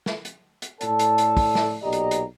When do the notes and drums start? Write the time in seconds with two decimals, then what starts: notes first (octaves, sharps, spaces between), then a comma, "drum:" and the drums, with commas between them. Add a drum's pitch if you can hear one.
0.06 drum: snare
0.25 drum: hi-hat
0.62 drum: hi-hat
0.81 A2 A4 D5 A5, drum: hi-hat
0.99 drum: hi-hat
1.18 drum: hi-hat
1.37 drum: kick, open hi-hat
1.55 drum: snare
1.82 B1 A#2 G4 D5 D#5 A#5
1.93 drum: hi-hat
2.11 drum: hi-hat